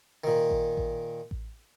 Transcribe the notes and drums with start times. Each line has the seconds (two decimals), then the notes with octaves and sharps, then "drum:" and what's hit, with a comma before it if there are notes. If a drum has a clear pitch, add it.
0.24 A#2 D#3
0.50 drum: kick A1
0.77 drum: kick A1
1.31 drum: kick A1